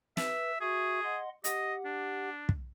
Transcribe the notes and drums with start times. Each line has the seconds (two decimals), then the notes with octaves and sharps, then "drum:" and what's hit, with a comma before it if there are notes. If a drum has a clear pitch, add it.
0.17 B4 E5, drum: snare
0.61 F#4 G#4 E5 C#6
1.04 D#5 F#5 C6
1.44 G4 D#5 F#5, drum: hi-hat
1.85 D4
2.49 drum: kick